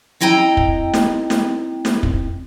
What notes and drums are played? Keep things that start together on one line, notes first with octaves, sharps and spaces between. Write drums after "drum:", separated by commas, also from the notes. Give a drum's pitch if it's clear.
C4 E4 D#5 G5 A#5
drum: kick
drum: snare
drum: snare
drum: snare
drum: kick